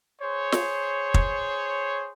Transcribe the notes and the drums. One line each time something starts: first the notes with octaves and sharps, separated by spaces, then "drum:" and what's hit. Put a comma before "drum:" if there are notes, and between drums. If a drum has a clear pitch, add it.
G#4 C5 C#5
drum: snare
drum: kick